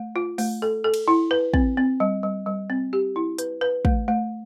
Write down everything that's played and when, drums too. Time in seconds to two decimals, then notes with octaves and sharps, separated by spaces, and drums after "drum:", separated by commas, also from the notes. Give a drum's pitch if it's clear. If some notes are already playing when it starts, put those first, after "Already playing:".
Already playing: A3
0.16 F4
0.38 A3, drum: open hi-hat
0.62 A4
0.84 A4
0.94 drum: cymbal
1.08 E4
1.31 B4
1.54 C4, drum: kick
1.77 C4
2.00 G3
2.23 G3
2.46 G3
2.70 C4
2.93 G4
3.16 E4
3.38 B4, drum: hi-hat
3.61 B4
3.85 A3, drum: kick
4.08 A3